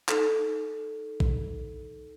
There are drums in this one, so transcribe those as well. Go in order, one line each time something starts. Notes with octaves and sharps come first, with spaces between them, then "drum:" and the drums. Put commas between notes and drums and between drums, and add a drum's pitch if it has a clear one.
D#4 A4, drum: clap
drum: kick A#1